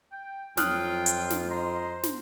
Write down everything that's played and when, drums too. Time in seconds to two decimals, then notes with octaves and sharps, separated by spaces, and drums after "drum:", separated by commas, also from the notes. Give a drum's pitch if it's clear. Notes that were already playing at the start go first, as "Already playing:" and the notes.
0.12 G5
0.57 F2 F#3 F4 G5 D#6 F6 F#6, drum: snare
1.06 drum: hi-hat
1.30 drum: snare
1.50 C5 D#5 A#5 C6
2.03 drum: snare